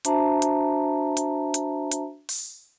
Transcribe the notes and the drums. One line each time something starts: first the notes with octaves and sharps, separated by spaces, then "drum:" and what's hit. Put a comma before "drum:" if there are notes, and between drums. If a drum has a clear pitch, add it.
D4 F#4 C5 E5 A5 A#5, drum: hi-hat
drum: hi-hat
drum: hi-hat
drum: hi-hat
drum: hi-hat
drum: open hi-hat